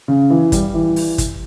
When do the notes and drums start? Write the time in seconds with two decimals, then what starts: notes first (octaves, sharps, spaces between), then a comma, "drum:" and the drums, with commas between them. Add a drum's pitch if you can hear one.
0.08 C#3
0.30 E3
0.52 G3, drum: kick, hi-hat
0.74 E3
0.96 drum: open hi-hat
1.18 drum: kick, hi-hat